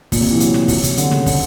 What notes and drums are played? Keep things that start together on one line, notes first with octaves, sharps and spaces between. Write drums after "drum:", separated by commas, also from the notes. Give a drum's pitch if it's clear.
A#2, drum: kick, open hi-hat
C3
E3
F#3, drum: hi-hat
drum: snare
F#3, drum: kick, open hi-hat
C3, drum: hi-hat
D3, drum: hi-hat
C#3, drum: snare
D3, drum: kick, open hi-hat